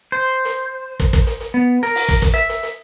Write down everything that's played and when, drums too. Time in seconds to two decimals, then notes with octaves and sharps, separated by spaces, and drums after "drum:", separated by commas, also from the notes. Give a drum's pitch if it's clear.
0.12 C5
0.45 drum: hi-hat
1.00 drum: kick, hi-hat
1.13 drum: kick, hi-hat
1.27 drum: hi-hat
1.40 drum: hi-hat
1.54 B3
1.83 A#4, drum: hi-hat
1.95 drum: open hi-hat
2.08 drum: kick, hi-hat
2.22 drum: kick, hi-hat
2.34 E5, drum: hi-hat
2.49 drum: hi-hat
2.63 drum: hi-hat